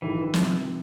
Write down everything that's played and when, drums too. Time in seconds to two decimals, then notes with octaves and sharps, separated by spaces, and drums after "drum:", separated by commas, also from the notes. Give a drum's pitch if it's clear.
0.02 A#1 G#2 D#3 E3 G3 A#3
0.34 C3 F3, drum: snare